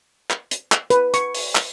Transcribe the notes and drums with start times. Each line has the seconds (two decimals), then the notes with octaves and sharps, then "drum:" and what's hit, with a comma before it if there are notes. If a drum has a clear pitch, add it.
0.31 drum: clap
0.51 drum: hi-hat
0.72 drum: clap
0.90 B4, drum: hi-hat
1.14 C#6, drum: hi-hat
1.35 drum: open hi-hat
1.55 drum: clap